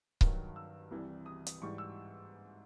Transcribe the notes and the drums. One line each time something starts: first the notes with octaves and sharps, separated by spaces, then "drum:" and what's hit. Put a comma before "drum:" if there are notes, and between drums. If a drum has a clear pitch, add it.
G2 D#3 F#3, drum: kick C#1
E6
C2 C3 E3 G3
D#6
drum: hi-hat
G#2 E3 G3 C#6
E6